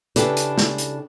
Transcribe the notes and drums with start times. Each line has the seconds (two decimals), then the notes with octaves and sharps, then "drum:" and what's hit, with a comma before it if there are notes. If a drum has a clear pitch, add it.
0.16 C#3 D4 E4 G4 A4 B4, drum: hi-hat
0.37 drum: hi-hat
0.58 drum: snare
0.78 drum: hi-hat